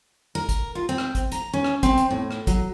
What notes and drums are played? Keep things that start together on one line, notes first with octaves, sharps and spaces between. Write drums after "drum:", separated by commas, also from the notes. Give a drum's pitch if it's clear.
A#4
drum: kick, hi-hat
F4
C4
drum: rim click
drum: kick, hi-hat
A#5, drum: hi-hat
C#4
drum: rim click
C4, drum: kick, hi-hat
drum: hi-hat
A2
drum: rim click
F#3, drum: kick, hi-hat